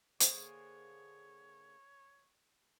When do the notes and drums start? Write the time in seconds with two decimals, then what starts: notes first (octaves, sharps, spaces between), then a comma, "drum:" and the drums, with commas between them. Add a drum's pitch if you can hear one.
0.20 D3 A#3 G#4 C5 C#5, drum: hi-hat